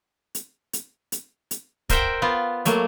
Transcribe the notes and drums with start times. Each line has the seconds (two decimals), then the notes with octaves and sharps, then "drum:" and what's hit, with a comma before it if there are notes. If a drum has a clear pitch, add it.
0.35 drum: hi-hat
0.73 drum: hi-hat
1.12 drum: hi-hat
1.51 drum: hi-hat
1.90 A#4 C5 E5 F#5 G5, drum: kick, hi-hat
2.22 B3 F4
2.65 F#3 A3 A#3, drum: hi-hat